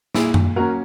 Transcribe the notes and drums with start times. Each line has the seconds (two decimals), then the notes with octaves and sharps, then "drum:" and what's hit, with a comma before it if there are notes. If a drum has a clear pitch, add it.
0.15 A#2 E4 G#4, drum: snare
0.34 drum: tom F#2
0.56 F#3 A#3 C#4 F#4 A#4